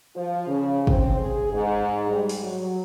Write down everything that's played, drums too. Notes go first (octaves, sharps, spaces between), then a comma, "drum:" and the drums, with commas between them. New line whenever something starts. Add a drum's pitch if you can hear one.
F3
C#3
C4, drum: kick
G#4
G#2
G3
drum: open hi-hat
F#3